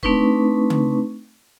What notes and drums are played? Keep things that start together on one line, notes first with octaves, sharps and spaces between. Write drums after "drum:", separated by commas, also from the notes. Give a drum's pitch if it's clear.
A3 C4 D4 D#4 B4 C#6, drum: kick
drum: tom C#3